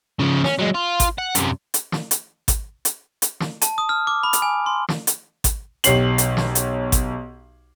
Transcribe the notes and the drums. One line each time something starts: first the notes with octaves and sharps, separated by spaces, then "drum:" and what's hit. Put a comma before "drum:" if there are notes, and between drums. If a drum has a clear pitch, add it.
C#3 F3
C#4, drum: snare
F#3 G#3
F4
drum: kick G#1, hi-hat
F#5
F#2 C3, drum: hi-hat
drum: hi-hat
drum: snare
drum: hi-hat
drum: kick G#1, hi-hat
drum: hi-hat
drum: hi-hat
drum: snare
A5, drum: hi-hat
D#6
F6
D6
B5
drum: hi-hat
G#5
C6
drum: snare
drum: hi-hat
drum: kick G#1, hi-hat
B1 G4 C#5 C7 F#7, drum: hi-hat
drum: hi-hat
drum: snare
drum: hi-hat
drum: kick G#1, hi-hat